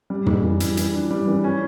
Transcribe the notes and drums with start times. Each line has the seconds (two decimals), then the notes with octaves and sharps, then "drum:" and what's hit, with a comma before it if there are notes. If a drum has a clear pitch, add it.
0.10 G3
0.26 E3, drum: tom
0.43 E3
0.60 G3, drum: hi-hat
0.77 E3, drum: hi-hat
0.94 D4
1.11 G3
1.27 E3
1.44 C#4